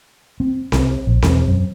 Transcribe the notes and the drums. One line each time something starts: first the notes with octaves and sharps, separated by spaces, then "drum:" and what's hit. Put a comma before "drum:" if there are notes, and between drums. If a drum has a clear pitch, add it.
C4
C2, drum: snare C4
A#1
E1, drum: snare C4
F#2